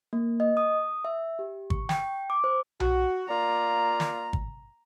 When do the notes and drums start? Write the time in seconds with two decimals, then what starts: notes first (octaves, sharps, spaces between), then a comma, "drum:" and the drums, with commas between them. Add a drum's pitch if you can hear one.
0.13 A#3
0.40 D#5
0.57 D#6
1.05 E5
1.39 G4
1.70 C#6, drum: kick
1.89 G5, drum: snare
2.30 D6
2.44 C5
2.80 F#4, drum: tom B1
3.29 A#3 F4 D5 A#5
4.00 drum: snare
4.33 drum: kick